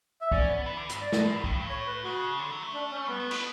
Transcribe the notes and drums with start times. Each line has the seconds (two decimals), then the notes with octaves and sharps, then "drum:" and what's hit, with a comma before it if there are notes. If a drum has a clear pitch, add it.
0.21 E5
0.32 C#4 D5, drum: kick
0.49 B3
0.66 E3
0.77 D3
0.89 G2, drum: hi-hat
1.01 D5
1.12 B2, drum: snare
1.25 A2
1.36 G2
1.44 A2, drum: kick
1.53 G2
1.61 A2
1.69 C#5
1.87 B4
2.04 C#3 F#4
2.39 D3
2.51 F#3
2.63 A3
2.74 D4
2.92 C#4
3.08 G3 B3
3.20 A3
3.31 B3, drum: cymbal